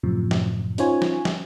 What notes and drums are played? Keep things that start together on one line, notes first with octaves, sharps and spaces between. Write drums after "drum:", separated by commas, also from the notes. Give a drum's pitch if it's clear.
F#2 A2 C3 F3
drum: snare
C#4 D#4 F4 C5 C#5 G#5, drum: hi-hat
drum: snare
drum: snare